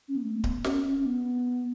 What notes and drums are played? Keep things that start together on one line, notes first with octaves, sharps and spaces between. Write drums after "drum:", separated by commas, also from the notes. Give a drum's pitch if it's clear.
C#4
B3
A3
A3
B3, drum: kick D1
C#4, drum: snare
C#4
C#4
B3